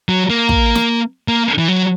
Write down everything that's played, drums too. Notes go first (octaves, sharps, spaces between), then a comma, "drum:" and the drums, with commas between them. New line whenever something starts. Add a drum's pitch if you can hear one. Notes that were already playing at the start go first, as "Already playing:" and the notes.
F#3
A#3
drum: kick
drum: snare
A#3
E3
F#3